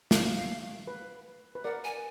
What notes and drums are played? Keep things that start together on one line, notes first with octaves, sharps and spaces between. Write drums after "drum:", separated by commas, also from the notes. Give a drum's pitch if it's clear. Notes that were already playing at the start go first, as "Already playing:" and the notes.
F5, drum: snare
B4
B4
A#4 D5 F#5
G#5